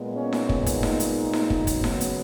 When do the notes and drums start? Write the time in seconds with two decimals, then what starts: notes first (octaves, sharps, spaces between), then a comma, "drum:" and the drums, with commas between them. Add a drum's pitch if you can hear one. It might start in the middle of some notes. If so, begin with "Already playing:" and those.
Already playing: A#2 G#3 B3
0.16 C#4
0.33 drum: snare D#4
0.49 drum: kick
0.66 D#4, drum: kick, hi-hat
0.83 drum: snare D#4
1.00 drum: hi-hat
1.33 drum: snare D#4
1.50 drum: kick
1.67 C#3 F#3 B3, drum: kick, hi-hat
1.84 drum: snare D#4
2.01 drum: hi-hat